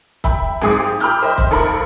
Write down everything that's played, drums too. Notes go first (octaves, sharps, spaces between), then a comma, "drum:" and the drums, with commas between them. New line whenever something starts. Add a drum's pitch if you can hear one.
E5 G5 B5, drum: kick, hi-hat
G#1 G#2 G#3 G#4 D6 D#6, drum: snare
G4
G5 B5 D6 E6 F6 G6, drum: hi-hat
C5 D#5 E5
drum: kick, hi-hat
G#1 A4 A#4 B5